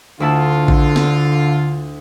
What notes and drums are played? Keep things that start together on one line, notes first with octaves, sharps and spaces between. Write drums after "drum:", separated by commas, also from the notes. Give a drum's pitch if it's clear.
D2 D3 E4 F4 A5
drum: kick
drum: snare